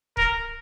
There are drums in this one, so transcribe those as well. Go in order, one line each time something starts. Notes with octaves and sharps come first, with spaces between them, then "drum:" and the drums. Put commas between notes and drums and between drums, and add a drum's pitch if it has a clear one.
A#4, drum: kick